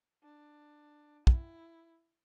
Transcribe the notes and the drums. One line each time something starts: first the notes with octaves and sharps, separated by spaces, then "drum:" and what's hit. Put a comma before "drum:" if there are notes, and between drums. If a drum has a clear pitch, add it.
D4
E4, drum: kick